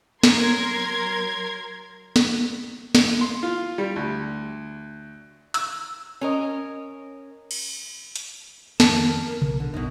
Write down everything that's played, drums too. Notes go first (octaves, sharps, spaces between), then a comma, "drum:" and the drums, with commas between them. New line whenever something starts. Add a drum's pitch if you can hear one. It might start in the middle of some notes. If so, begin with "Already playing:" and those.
F#3 A#4 C6 G#6, drum: snare
drum: snare
drum: snare
C6
F4
G3
D2
E6, drum: hi-hat
C#4 A#4 D#5
drum: cymbal
drum: hi-hat
F2 D#3 F3 A#4 A5, drum: snare
B1, drum: tom C3
D3
A#1 E2 G2 B2 D#4